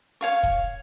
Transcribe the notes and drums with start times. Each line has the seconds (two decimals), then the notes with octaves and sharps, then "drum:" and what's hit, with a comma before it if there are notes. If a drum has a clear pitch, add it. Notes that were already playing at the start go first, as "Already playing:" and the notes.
0.21 C#5 F5 C#6
0.43 drum: kick E1